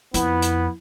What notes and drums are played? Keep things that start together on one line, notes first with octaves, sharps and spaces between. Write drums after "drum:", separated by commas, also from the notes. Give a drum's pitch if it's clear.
F2 B3 E4, drum: hi-hat
drum: hi-hat